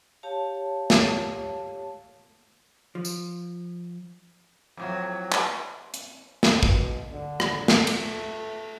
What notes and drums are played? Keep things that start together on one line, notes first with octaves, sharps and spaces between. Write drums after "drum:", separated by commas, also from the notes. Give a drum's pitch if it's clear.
G4 C#5 F5 A5
drum: snare
F3
drum: tambourine
F2 A2 F#3
drum: clap
drum: hi-hat
drum: snare
B2, drum: kick
D3
drum: rim click
drum: snare
A3, drum: cymbal